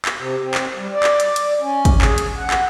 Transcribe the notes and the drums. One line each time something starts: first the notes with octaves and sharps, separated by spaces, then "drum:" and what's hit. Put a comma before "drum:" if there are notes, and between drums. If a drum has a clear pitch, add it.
drum: clap
C3
C4
drum: clap
G3
D5
drum: clap
drum: hi-hat
drum: hi-hat
C#4
drum: kick, hi-hat
G#4, drum: clap
drum: hi-hat
F#5
drum: clap